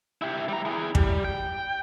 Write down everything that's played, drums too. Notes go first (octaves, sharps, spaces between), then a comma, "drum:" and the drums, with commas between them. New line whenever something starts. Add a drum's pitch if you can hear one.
E4 G4
G3 A#5
E4 G#4
G3, drum: kick
G5